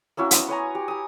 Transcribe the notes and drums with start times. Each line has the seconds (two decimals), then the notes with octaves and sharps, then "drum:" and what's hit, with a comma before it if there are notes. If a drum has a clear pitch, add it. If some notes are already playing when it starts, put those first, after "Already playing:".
0.17 A#3 C#4 E4 F#4
0.31 B3 C6, drum: hi-hat
0.48 B4 C#5 G#5 A#5
0.75 G4
0.88 G#5 D#6